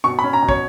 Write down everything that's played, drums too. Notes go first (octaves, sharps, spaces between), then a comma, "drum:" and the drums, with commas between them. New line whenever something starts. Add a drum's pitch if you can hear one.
B2 C#6
B5
C#4
A#5
B2
C#5, drum: kick